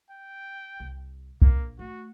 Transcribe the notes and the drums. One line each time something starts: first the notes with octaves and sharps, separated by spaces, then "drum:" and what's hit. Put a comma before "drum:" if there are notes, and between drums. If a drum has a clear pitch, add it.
G5
C2
A#1 A#2 A#3, drum: kick C2
A3 F#4